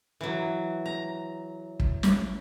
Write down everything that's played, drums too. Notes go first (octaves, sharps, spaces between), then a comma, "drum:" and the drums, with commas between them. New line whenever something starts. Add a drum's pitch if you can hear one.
E3 F#3
A#5
drum: kick
drum: snare